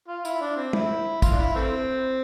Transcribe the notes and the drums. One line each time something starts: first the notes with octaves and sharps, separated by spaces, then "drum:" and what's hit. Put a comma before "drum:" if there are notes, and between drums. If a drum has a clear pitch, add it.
F4
E4, drum: tambourine
D4
C4
E4, drum: tom
F4, drum: kick, tambourine
D4
E4
E3 A3 C4